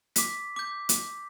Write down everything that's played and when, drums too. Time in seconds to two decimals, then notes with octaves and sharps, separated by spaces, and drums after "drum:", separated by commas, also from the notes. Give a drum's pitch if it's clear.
0.16 D6 B6, drum: hi-hat
0.56 D6 G6
0.89 drum: hi-hat